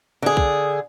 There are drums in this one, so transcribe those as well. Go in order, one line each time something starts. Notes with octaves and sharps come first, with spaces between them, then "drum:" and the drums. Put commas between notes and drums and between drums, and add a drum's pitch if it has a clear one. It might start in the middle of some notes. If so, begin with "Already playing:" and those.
D3 G#4
drum: kick B1